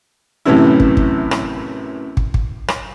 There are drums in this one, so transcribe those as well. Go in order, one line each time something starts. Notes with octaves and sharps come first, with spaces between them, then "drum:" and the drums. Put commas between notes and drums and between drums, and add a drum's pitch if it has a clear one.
F#2 A2 C3 E3 C#4 E4
drum: kick
drum: kick
drum: rim click
drum: kick
drum: kick
drum: rim click